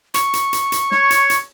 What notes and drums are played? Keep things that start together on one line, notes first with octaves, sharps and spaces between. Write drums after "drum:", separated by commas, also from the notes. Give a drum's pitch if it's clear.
C#6, drum: hi-hat
drum: hi-hat
drum: hi-hat
drum: hi-hat
C#5, drum: snare
drum: hi-hat
drum: hi-hat